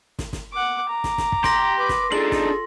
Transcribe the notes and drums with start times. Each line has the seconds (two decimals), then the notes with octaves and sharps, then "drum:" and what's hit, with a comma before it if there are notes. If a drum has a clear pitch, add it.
0.19 drum: snare
0.33 drum: snare
0.52 F#5 D6
0.90 A#5 D6
1.04 drum: snare
1.18 drum: snare
1.32 drum: kick
1.44 G4 C6 A#6, drum: snare
1.79 B4 D6
1.89 drum: snare
2.12 D4 D#4 F4 G#4 A4 F#7
2.32 drum: snare